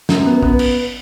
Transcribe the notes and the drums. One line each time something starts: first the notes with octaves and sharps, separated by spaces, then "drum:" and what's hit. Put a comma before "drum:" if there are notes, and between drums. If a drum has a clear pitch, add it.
F#2, drum: snare
B3
B3, drum: kick
drum: cymbal